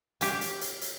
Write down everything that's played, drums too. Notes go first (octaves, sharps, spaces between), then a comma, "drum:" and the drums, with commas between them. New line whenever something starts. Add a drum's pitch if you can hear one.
G4 G#5, drum: hi-hat
drum: hi-hat
drum: hi-hat
drum: hi-hat